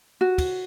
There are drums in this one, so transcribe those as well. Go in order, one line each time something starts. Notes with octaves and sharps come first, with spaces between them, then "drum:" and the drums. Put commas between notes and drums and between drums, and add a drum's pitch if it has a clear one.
F#4
drum: kick, cymbal